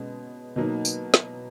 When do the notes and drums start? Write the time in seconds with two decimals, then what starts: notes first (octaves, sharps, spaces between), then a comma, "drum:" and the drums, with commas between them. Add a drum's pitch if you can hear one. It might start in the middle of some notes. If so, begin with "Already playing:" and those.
Already playing: B2 G#3 C#4
0.56 B2 F#3 A#3 D#4
0.85 drum: tambourine
1.14 drum: snare